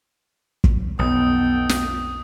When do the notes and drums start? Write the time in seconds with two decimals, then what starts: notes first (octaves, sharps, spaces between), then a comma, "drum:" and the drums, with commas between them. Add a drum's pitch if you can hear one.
0.64 drum: kick
0.99 B1 F2 B3 A4 D#5 G5 D#6
1.69 drum: snare